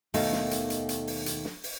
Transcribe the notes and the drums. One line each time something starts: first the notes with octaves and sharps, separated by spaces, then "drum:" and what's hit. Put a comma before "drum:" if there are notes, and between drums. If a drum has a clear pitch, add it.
D#2 B2 D#3 A3 D#4 F5, drum: open hi-hat
drum: snare
drum: hi-hat
drum: hi-hat
drum: hi-hat
drum: open hi-hat
drum: hi-hat
drum: snare
drum: open hi-hat